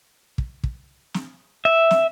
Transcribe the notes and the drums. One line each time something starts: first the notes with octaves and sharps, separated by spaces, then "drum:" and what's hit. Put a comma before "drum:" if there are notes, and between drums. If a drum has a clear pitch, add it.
drum: kick
drum: kick
drum: snare
E5
drum: snare